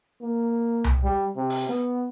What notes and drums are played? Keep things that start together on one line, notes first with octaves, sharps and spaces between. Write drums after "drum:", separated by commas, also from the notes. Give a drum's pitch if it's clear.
A#3
drum: tom C2
G3
C3
drum: open hi-hat
B3